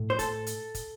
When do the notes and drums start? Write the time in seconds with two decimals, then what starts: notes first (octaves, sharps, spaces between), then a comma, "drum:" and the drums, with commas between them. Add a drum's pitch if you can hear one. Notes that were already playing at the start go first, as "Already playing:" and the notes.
Already playing: A2 A3
0.10 C5
0.19 A4, drum: kick, hi-hat
0.47 drum: hi-hat
0.75 drum: kick, hi-hat